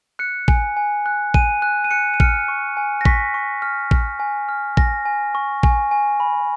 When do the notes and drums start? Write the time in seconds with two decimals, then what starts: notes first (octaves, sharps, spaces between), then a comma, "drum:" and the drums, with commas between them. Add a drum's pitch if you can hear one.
0.19 F#6 C#7
0.48 G#5, drum: kick A1
0.77 G#5
1.06 F#6
1.34 G#5 D#7, drum: kick A1
1.62 F#6
1.84 D#7
1.91 F#6 C#7
2.14 D#7
2.20 F6 C#7, drum: kick A1
2.48 C#6
2.77 G#5
3.01 A#6
3.05 C#6 B6, drum: kick A1
3.34 C#6
3.62 F6
3.91 F6, drum: kick A1
4.20 G#5
4.49 F6
4.77 G#5 A#6, drum: kick A1
5.05 G#5
5.35 C#6
5.63 G#5, drum: kick A1
5.91 G#5
6.20 B5